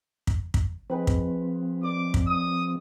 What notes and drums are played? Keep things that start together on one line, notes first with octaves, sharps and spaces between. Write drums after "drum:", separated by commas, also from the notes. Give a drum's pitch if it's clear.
drum: kick
drum: kick
F3 G#3 C4 B4 B5
drum: kick
D5 D6
drum: kick
D#6